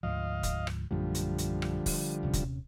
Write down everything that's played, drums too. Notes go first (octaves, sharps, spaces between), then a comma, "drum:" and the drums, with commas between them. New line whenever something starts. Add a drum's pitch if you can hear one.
D2 G#2 F3 D#5 F5
drum: kick, hi-hat
drum: rim click
A#1 F#2 D3 F3 G3 A3
drum: hi-hat
drum: hi-hat
drum: rim click
drum: kick, open hi-hat
D#1 C3 C#4
drum: kick, hi-hat